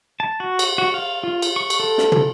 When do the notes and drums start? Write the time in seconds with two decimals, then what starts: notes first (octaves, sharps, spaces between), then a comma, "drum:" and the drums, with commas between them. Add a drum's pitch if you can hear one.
0.20 A5
0.40 F#4
0.59 drum: cymbal
0.78 F#4
0.94 F5
1.23 F4
1.42 drum: cymbal
1.56 C#6
1.70 drum: cymbal
1.80 A4
1.98 drum: snare
2.12 drum: tom